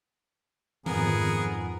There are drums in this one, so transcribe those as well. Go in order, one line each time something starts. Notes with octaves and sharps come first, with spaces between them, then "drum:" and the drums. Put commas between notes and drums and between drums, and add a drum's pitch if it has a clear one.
F2 G#2 B3 G#4 A#4, drum: tom D#3